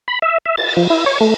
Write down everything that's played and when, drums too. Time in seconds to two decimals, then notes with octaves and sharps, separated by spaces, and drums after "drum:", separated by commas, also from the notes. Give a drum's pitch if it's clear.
0.08 B5
0.22 E5
0.46 E5
0.57 A6, drum: cymbal
0.77 F3
0.90 E4
1.06 C#5
1.21 A3